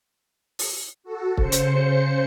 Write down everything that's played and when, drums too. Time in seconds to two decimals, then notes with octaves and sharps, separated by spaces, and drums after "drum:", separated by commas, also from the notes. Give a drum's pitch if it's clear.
0.59 drum: open hi-hat
1.03 F#4 A4
1.37 C#3 C5 C#7, drum: kick
1.52 drum: hi-hat